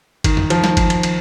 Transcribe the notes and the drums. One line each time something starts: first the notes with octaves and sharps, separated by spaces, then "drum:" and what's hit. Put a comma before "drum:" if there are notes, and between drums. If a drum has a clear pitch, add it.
D#3, drum: kick G1, cymbal
drum: tom F2
F3, drum: cymbal
drum: snare
drum: kick G1, cymbal
drum: cymbal
drum: cymbal